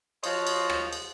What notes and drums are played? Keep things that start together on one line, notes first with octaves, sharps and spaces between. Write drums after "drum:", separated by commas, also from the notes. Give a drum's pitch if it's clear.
F3 F#4 C5 C#5 D#5 F5, drum: cymbal
drum: cymbal
drum: rim click
drum: cymbal